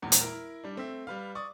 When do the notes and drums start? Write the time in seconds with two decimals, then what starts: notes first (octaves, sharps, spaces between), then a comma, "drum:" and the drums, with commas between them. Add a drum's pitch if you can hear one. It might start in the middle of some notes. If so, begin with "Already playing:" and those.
0.02 E1 E2 A#2
0.12 drum: hi-hat
0.21 E4 A#4
0.64 G3 D4
0.75 A3 C4 E5
1.07 G3 B4 F5
1.35 D5 C#6 D#6